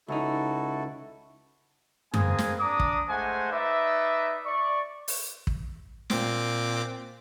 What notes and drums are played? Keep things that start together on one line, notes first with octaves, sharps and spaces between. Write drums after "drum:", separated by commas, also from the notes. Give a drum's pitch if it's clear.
C#2 D#4 E4 F#4 A4
A#3 C4 G#4 B4 G#5 D#6, drum: tom F#2
drum: snare
D4 A#5 D6 D#6
drum: kick
G#3 A3 C5 F#5 G#5
D#4 B4 D5 E5
D5 C#6
drum: open hi-hat
drum: kick
A#2 C4 D6, drum: snare